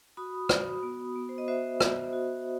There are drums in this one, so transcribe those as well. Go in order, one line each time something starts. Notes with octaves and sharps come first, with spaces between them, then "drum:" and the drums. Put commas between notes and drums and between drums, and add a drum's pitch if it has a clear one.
F#4 B5 D#6
F#4, drum: rim click
B3
B3
C5
D#5
F#4 C5 E5
F#4, drum: rim click
F#4